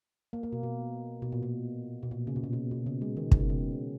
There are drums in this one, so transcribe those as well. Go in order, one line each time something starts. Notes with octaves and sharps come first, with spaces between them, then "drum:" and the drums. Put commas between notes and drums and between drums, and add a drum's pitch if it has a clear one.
A#3
A#3
B2
B2
B2
A#2
B2
B2
A#2
C#3
B2
A#2
B2
B2
C#3
G#3
D#3
C#3, drum: kick
B2
C#3